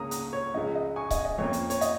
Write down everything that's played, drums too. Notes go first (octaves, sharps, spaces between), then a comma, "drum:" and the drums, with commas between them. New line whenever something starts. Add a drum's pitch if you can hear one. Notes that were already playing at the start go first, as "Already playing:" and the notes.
Already playing: C#2 C#3 A#3 C#4 A#5 D#6
A#5 D#6, drum: hi-hat
C#5
C#2 C#3 F3 D#5
D#5
G#5 C#6
D#5 G#5, drum: kick C#1, hi-hat
D#5
F2 F3 A#3 C#4 C#5
drum: hi-hat
C#5, drum: hi-hat
D#5, drum: hi-hat